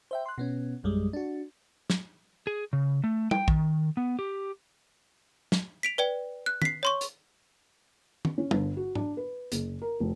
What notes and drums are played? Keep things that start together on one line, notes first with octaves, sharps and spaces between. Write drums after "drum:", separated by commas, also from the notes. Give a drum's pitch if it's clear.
C5 E5 G5
C6 F#6
B2 B3 C#4
A#1 F#2 G3 G#3
D4 F#4
drum: snare
G#4
C#3
A3
G5, drum: tom
D#3, drum: kick A#1
B3
G4
drum: snare
B6 D7 F7
B4 D5 G5
F#6
B6 C7, drum: tom
C#5 C6 C#6
drum: hi-hat
drum: tom
C#4
G1, drum: tom
F#4
D4, drum: tom G#2
B4
F#1, drum: hi-hat
A#4
F1